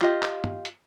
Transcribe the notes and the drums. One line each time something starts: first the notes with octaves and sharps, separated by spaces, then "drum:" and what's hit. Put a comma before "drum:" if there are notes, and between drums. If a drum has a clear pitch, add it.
F4 G4 D#5 F5, drum: clap
drum: clap
drum: tom
drum: hi-hat